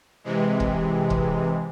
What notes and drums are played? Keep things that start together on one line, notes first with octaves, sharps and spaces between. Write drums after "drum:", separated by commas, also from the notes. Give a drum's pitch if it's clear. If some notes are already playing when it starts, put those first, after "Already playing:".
C3 E3 G#3
drum: kick
drum: kick